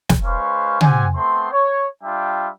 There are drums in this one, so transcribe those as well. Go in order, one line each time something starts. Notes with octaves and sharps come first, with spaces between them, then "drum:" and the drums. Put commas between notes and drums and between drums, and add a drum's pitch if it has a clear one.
drum: snare
G#3 C#4 B4 C5 F5 C#6
C4 G4 F#5 G#5, drum: tom
A3 B3 C4 C6
C#5
G3 D4 F4 E5 G5